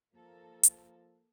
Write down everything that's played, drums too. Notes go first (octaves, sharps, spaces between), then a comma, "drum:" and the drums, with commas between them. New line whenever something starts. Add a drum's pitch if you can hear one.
F3 A#3 A4 A#4
drum: hi-hat